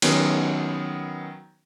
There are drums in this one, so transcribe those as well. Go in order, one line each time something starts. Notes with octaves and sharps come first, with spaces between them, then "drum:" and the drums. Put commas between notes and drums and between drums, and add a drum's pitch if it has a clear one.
D#3 F#3 B3 C#4, drum: cymbal